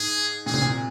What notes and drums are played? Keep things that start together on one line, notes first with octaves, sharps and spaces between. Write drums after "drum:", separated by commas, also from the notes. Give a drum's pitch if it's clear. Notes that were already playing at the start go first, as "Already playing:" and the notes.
Already playing: G#2 G#4
A#2 G#4
C3, drum: tom C3
A#2